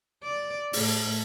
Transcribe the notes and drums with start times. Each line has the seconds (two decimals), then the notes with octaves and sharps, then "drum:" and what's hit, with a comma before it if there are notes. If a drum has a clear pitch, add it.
0.23 D5
0.73 A2, drum: open hi-hat